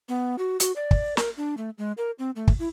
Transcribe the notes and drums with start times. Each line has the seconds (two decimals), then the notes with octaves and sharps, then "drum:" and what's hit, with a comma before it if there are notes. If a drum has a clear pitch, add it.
0.09 B3
0.39 F#4
0.60 F#4, drum: hi-hat
0.76 D5
0.91 drum: kick
1.17 A#4, drum: snare
1.37 D4
1.57 A3
1.78 G#3
1.98 A#4
2.19 C4
2.36 A3
2.48 drum: kick
2.59 E4